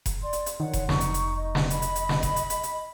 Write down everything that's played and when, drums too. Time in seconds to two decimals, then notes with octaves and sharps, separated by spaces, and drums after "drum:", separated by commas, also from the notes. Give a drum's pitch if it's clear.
0.06 drum: kick F1, hi-hat
0.22 D5 C6
0.33 drum: hi-hat
0.46 drum: hi-hat
0.60 D#3 C#5 F#5
0.73 drum: kick F1, hi-hat
0.89 F1 D#4 C#6, drum: snare
1.01 drum: hi-hat
1.14 drum: hi-hat
1.36 D#5
1.55 drum: snare
1.70 B5, drum: hi-hat
1.82 drum: hi-hat
1.96 drum: hi-hat
2.09 drum: snare
2.23 drum: kick F1, hi-hat
2.36 drum: hi-hat
2.50 drum: hi-hat
2.63 drum: hi-hat